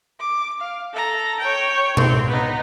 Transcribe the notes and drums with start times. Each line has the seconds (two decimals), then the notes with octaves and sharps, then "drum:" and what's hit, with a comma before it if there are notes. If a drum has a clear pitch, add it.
0.20 D6
0.61 F5
0.93 A4 A#5
1.40 C#5 G5
1.97 C4, drum: tom B2
2.28 B3 D#4